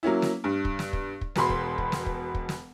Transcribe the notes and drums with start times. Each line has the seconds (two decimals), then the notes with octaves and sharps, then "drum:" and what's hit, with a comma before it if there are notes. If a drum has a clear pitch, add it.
0.03 F#3 A#3 C#4 E4
0.22 drum: snare
0.44 G2
0.65 drum: kick
0.79 drum: snare
0.93 drum: kick
1.21 drum: kick
1.36 E1 B2 B5 C6, drum: snare
1.50 drum: kick
1.78 drum: kick
1.92 drum: snare
2.06 drum: kick
2.35 drum: kick
2.49 drum: snare